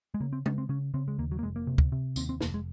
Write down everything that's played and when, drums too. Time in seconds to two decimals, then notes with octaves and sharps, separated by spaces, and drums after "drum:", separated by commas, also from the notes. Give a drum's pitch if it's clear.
0.14 G#3
0.20 C#3 A#3
0.33 C4
0.46 C#3 C#4, drum: tom G#3
0.58 C4
0.69 C#3 C#4
0.94 C#3 C4
1.08 G#3
1.18 D#2 A#3
1.32 F#3
1.39 A#3
1.43 F1 G#3
1.56 A#3
1.67 C3
1.78 drum: kick
1.92 C3
2.16 D#2 C4, drum: tambourine
2.29 C4
2.41 F1 A#3, drum: snare
2.54 G#3